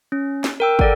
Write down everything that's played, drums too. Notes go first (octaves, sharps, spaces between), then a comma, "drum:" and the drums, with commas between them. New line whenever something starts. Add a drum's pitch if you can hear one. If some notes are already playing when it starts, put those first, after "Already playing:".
C#4
drum: snare
A#4 G5 E6
A4 D5 F#5, drum: kick